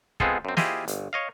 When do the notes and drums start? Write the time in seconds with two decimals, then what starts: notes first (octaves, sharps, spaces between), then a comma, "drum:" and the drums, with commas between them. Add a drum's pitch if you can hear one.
0.20 G#3 B3 C4 F4 G#4 A4, drum: kick
0.45 F#2 C4
0.57 E4 F4 G4 G#4 C5 D#5, drum: snare
0.88 G1, drum: hi-hat
1.13 C#5 D#5 F5